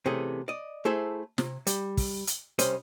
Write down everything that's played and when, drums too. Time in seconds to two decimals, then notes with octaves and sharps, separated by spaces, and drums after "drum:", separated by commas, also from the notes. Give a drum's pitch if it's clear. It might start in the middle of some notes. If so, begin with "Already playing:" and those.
0.06 C3 E3 A3 C#4 G#4
0.48 D5 D#5
0.85 A3 E4 G#4 A4 C5 E5
1.38 C3, drum: snare
1.67 G3, drum: hi-hat
1.97 drum: kick, open hi-hat
2.27 drum: hi-hat
2.59 C2 G3 C#4 C5 D#5, drum: hi-hat